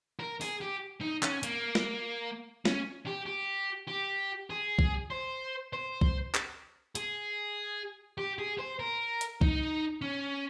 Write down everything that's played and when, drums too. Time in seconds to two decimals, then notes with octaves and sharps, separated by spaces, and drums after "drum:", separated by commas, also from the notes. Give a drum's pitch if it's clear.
0.19 A#4
0.41 G#4, drum: open hi-hat
0.61 G4
1.01 D#4
1.23 C#4, drum: clap
1.43 A#3, drum: hi-hat
1.75 drum: snare
2.65 C#4, drum: snare
3.07 G4
3.26 G4
3.88 G4
4.50 G#4
4.79 drum: kick
5.10 C5
5.73 C5
6.01 drum: kick
6.35 drum: clap
6.95 G#4, drum: hi-hat
8.18 G4
8.39 G#4
8.59 C5
8.80 A#4
9.21 drum: hi-hat
9.41 D#4, drum: kick
10.02 C#4